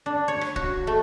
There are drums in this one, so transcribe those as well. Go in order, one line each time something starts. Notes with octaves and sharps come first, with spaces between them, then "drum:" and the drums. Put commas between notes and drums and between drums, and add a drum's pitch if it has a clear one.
D4
C#5
drum: rim click
F#4, drum: kick
A3